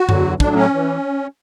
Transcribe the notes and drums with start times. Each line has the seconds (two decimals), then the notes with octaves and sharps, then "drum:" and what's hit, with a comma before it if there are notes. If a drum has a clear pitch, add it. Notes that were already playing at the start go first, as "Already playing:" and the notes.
Already playing: F#4
0.09 E2 D3 F#3, drum: tom F#2
0.40 A2 F#3 D4, drum: kick
0.56 C#4
0.74 E3